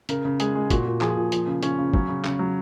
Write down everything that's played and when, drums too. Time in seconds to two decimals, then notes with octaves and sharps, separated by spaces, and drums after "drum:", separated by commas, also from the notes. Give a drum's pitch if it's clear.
0.09 C#3 A#4, drum: hi-hat
0.25 C#3
0.40 G#3 G#4, drum: hi-hat
0.55 G#3
0.70 A#2 F#4, drum: kick, hi-hat
0.85 A#2
1.01 F3 G#4, drum: clap
1.17 A#2
1.32 F3, drum: hi-hat
1.47 C#3
1.63 C#3 C#4, drum: hi-hat
1.79 C#3
1.94 F#3 C#4, drum: kick
2.09 C#3
2.25 C#3, drum: clap
2.39 F#3